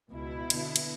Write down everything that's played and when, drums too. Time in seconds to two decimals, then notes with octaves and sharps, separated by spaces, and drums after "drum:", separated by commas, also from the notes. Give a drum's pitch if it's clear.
0.11 C#2 B2 E4
0.50 D3 B3, drum: cymbal
0.76 drum: cymbal